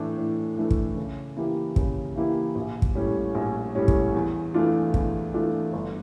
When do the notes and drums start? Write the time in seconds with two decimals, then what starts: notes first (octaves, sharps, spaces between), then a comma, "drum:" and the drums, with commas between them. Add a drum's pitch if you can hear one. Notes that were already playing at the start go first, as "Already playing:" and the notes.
Already playing: A2 E3 A3 D4
0.18 A2
0.57 E3 A3 D4
0.71 drum: kick
0.96 C#3
1.37 E3 A#3 E4 G4
1.76 C#3, drum: kick
2.16 E3 A#3 E4 G4
2.55 A#1
2.82 drum: kick
2.95 A2 G3 C#4
3.35 A#1
3.75 A2 G3 C#4
3.88 drum: kick
4.14 E2
4.54 E3 A3 D4 F4
4.94 E2, drum: kick
5.33 E3 A3 D4 F4
5.73 G1